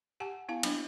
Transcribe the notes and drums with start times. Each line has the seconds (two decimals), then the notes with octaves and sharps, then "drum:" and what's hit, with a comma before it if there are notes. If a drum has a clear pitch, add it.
0.20 G4 F#5 G#5 A5
0.48 B3 E4 F5 A5
0.63 F#3 A#3 D4, drum: cymbal